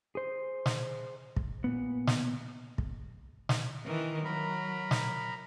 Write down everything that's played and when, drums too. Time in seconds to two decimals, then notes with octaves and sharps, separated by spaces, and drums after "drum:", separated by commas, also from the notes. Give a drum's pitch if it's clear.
0.15 G#4 C5
0.66 drum: snare
1.36 drum: kick
1.64 A#2 B3
2.07 drum: snare
2.78 drum: kick
3.49 drum: snare
3.85 D#3 E3
4.25 F#3 A#4 A#5 B5
4.91 drum: snare